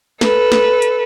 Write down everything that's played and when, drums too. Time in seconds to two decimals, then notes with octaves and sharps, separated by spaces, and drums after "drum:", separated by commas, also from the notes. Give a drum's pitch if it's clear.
0.21 A4 B4, drum: snare
0.52 drum: snare
0.82 drum: hi-hat